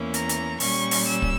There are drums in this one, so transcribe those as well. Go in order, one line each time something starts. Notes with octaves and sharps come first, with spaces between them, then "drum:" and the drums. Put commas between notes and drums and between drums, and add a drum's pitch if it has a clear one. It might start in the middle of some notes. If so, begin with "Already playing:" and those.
Already playing: E2 E3 A#3 C#4
A#5, drum: hi-hat
drum: hi-hat
A#2 G3 C#4 C#6, drum: open hi-hat
drum: open hi-hat
E6
drum: kick